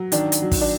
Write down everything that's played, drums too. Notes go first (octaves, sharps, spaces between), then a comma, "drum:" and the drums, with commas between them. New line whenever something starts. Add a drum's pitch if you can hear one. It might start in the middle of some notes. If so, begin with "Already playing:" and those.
Already playing: F#3
D#3 D4, drum: hi-hat
drum: hi-hat
F#3
drum: kick, open hi-hat
D4